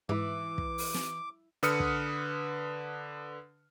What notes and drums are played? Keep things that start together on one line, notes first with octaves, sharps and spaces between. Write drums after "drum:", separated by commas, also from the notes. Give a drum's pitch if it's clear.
G#2 E3 E4 D6
drum: kick
drum: open hi-hat
drum: snare
D3 B4 D#6 F6 C#7, drum: hi-hat
drum: kick